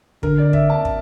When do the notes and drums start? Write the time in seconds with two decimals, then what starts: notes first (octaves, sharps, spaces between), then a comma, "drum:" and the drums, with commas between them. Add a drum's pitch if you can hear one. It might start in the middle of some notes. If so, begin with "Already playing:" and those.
0.23 D3 A#4, drum: kick
0.38 D5
0.53 E5, drum: kick
0.70 A5
0.85 drum: kick